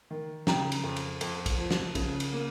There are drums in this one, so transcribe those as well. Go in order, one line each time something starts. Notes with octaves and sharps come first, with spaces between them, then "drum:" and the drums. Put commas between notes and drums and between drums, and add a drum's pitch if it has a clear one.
D#3
C#3 G5 A#5, drum: snare
drum: cymbal
F2
drum: cymbal
F2, drum: cymbal
drum: kick, cymbal
F3
drum: snare
C#3, drum: kick, cymbal
drum: cymbal
A#3